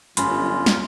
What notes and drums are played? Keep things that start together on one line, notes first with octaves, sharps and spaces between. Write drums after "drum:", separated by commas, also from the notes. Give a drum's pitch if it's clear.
G1 F#2 F4 G#5 B5 C6, drum: hi-hat
drum: snare